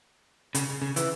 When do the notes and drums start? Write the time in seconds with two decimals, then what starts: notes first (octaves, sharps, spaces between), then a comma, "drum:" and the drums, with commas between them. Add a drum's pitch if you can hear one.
0.55 C#3, drum: hi-hat
0.82 C#3
0.96 E3, drum: hi-hat